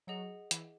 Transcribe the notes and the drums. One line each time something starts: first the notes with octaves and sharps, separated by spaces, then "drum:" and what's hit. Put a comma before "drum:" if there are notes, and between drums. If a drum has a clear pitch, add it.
F#3 G#4 D#5 F#5
E3, drum: hi-hat